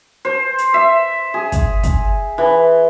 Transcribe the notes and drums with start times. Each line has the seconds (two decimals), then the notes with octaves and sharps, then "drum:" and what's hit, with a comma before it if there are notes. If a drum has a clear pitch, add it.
0.25 C5
0.58 drum: hi-hat
0.74 E5
1.34 G#4
1.52 drum: kick, hi-hat
1.84 drum: kick, hi-hat
2.38 E3